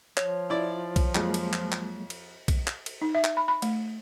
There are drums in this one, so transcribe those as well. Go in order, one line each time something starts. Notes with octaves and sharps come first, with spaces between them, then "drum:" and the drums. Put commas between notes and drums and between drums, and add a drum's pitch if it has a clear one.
F3 C#5, drum: clap
E4 F4 D5
drum: kick B1, cymbal
F2 F#3 G#3 A#3, drum: clap
drum: cymbal
drum: clap
drum: clap
drum: cymbal
drum: kick B1, cymbal
drum: clap
drum: cymbal
D#4
E5
drum: clap
B5
B5
A3, drum: cymbal